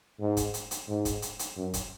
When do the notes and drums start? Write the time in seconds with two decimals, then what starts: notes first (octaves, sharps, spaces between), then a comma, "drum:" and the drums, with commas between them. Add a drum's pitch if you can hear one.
0.20 G#2
0.37 drum: kick, hi-hat
0.54 drum: hi-hat
0.71 drum: hi-hat
0.88 G#2
1.05 drum: kick, hi-hat
1.22 drum: hi-hat
1.39 drum: hi-hat
1.57 F#2
1.74 drum: kick, hi-hat